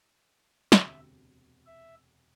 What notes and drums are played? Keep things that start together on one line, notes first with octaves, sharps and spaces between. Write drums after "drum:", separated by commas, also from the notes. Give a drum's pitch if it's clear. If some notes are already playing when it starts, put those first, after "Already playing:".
E1 D2 C3 E5, drum: snare
E5